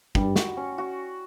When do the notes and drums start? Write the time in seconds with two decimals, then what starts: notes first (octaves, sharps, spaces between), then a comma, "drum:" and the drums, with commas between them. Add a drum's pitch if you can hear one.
0.15 G2 G3, drum: kick
0.36 F#4, drum: snare
0.57 C#4
0.78 F#4